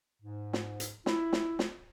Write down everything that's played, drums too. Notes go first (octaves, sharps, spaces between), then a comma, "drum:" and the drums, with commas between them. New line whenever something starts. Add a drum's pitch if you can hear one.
G#2
drum: snare
drum: hi-hat
E4, drum: snare
drum: snare
drum: snare